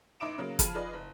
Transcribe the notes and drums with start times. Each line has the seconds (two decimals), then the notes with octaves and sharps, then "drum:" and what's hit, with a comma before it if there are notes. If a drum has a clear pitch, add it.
0.20 A1 D#4 E5 D6 D7 E7
0.38 C#3 F#3 A#3
0.59 F3 G#4 A5 B5 F6 D#7, drum: kick, hi-hat
0.74 F4 G#4 B4 D5 D#5
0.93 F#1